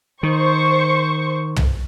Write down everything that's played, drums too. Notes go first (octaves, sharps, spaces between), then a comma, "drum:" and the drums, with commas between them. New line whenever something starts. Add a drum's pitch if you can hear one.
D#3 C5 C#6
drum: tom